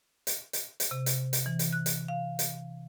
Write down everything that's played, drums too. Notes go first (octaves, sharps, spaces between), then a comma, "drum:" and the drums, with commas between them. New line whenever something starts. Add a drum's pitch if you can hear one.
drum: hi-hat
drum: hi-hat
drum: hi-hat
C3
drum: hi-hat
drum: hi-hat
E3
drum: hi-hat
F#6
drum: hi-hat
F5
drum: hi-hat